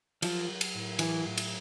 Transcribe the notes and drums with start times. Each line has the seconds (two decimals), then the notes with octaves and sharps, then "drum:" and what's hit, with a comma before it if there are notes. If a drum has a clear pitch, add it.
0.22 F3 F#3, drum: cymbal
0.48 F#3
0.61 drum: cymbal
0.74 A2
0.99 E3 A3, drum: cymbal
1.25 A2
1.38 drum: cymbal